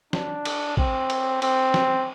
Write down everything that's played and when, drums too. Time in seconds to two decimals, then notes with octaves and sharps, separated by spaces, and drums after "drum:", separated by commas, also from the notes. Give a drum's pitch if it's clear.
0.13 D4, drum: snare
0.45 drum: cymbal
0.77 C4, drum: kick
1.10 drum: cymbal
1.42 C4, drum: cymbal
1.74 drum: snare